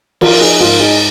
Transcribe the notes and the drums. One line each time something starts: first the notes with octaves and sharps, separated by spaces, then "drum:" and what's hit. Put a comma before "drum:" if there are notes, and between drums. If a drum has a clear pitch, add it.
F3 F4 A#4, drum: cymbal
D#4 G#4
G#2 F4 A#4
D#4 G#4